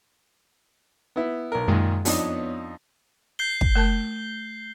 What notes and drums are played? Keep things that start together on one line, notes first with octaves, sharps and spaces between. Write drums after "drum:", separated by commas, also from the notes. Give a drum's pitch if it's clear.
B3 E4
B1 A#4
F#2 A#2 D#3 G#3
F2 B3 D4 D#4 C#5, drum: open hi-hat
G6 C7 G7
drum: kick
A3 A#4 A5